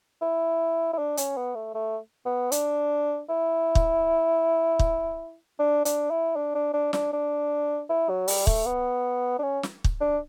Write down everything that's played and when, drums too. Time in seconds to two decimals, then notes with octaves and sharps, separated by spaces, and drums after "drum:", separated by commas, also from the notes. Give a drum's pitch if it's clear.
0.22 E4
0.93 E4
0.99 D4
1.17 C#4, drum: hi-hat
1.37 B3
1.55 A3
1.75 A3
2.26 B3
2.52 D4, drum: hi-hat
3.29 E4
3.75 drum: kick
4.79 drum: kick
5.59 D4
5.85 D4, drum: hi-hat
6.11 E4
6.36 D4
6.55 D4
6.74 D4
6.93 D4, drum: snare
7.13 D4
7.89 E4
8.09 F#3
8.28 G3, drum: open hi-hat
8.47 A3, drum: kick
8.66 B3
9.39 D4
9.43 C#4
9.63 drum: snare
9.84 drum: kick
10.01 D4